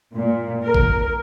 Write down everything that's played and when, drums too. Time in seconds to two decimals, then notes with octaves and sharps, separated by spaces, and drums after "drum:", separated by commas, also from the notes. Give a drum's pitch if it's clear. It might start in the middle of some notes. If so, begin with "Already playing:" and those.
0.15 A#2
0.64 A#4
0.74 drum: kick G#1